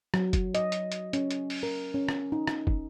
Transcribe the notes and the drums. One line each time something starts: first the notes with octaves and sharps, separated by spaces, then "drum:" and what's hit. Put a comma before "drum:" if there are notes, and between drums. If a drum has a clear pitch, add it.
F#3, drum: rim click
drum: kick, hi-hat
D#5, drum: hi-hat
drum: hi-hat
drum: hi-hat
C#4, drum: hi-hat
drum: hi-hat
drum: open hi-hat
A#4
C#4
drum: rim click
D#4
drum: rim click
drum: kick